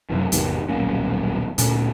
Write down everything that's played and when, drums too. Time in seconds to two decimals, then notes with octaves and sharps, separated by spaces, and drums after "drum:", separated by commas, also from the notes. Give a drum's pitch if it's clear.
0.10 F#2 C3 E3
0.32 G#1 E2 C3 D#3, drum: hi-hat
0.69 D#1 B1 A#3 C#4
1.58 D2 A#2 D3 C#4, drum: hi-hat